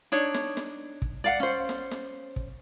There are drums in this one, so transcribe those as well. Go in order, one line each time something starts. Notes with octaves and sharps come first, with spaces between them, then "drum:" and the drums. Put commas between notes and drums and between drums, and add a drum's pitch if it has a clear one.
D4 D#4 C#5
drum: snare
drum: snare
drum: kick
D5 F5 F#5
C#4 C5
drum: snare
drum: snare
drum: kick